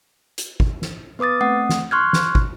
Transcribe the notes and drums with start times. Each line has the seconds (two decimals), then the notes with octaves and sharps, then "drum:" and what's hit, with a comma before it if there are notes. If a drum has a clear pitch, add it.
0.38 drum: hi-hat
0.60 drum: kick
0.82 drum: snare
1.19 B3 B4 D6 D#6 A6
1.41 A3 C4 F#5 D#6
1.69 drum: snare
1.91 C6 C#6 F6 F#6 G#6
2.13 drum: snare
2.35 drum: kick